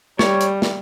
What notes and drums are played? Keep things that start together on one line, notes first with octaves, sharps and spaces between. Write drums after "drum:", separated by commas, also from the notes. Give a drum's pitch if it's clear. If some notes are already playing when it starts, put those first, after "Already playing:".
G3 C#5, drum: snare
drum: hi-hat
drum: snare